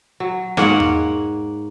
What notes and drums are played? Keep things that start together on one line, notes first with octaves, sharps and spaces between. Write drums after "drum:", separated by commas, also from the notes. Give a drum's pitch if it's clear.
F#3
G#2 A#3 C#5 F#5, drum: snare
drum: tom E2